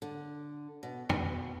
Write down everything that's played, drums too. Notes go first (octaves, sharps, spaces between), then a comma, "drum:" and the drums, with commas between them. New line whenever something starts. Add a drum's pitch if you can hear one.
D3
B2
B2, drum: tom